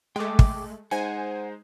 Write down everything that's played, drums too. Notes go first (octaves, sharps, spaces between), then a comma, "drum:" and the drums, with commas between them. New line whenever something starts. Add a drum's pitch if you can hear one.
G#3 A3 G5 D6
drum: kick
G#3 D#4 C5 F#5 G#5